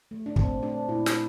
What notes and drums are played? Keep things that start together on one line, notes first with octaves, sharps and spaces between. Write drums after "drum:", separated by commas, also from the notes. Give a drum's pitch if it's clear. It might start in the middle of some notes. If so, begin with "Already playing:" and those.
A3
D4
A#2 C4, drum: kick
A3 D4
A#2 E4
drum: snare